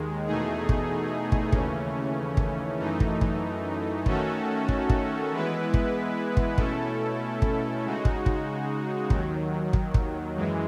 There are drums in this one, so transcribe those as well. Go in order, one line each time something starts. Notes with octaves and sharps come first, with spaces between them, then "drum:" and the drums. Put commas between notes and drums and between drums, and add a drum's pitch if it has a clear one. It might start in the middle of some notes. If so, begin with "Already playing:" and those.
Already playing: D#2 D#3 G#3
E2 B2 A3 D#4 G#4
drum: kick
drum: kick
D#2 C#3 E3 A3 C#4, drum: kick
drum: kick
F#2 E3 A3 D#4
drum: kick
drum: kick
D#3 A3 C#4 F#4 A4, drum: kick
drum: kick
drum: kick
E3 G#3 B3 E4 B4
drum: kick
drum: kick
B2 A3 C#4 E4 A4, drum: kick
drum: kick
C#3 G#3 D#4 F#4
drum: kick
drum: kick
D#2 D#3 F#3, drum: kick
drum: kick
drum: kick
F#2 E3 G#3